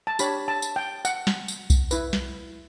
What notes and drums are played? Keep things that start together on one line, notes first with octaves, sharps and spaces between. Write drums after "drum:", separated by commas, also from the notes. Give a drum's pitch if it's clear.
A5
D4 G4 C#5 B5, drum: tambourine
A5
drum: tambourine
G5
F#5, drum: tambourine
drum: snare
drum: tambourine
drum: kick B1, tambourine
E4 B4, drum: tambourine
drum: snare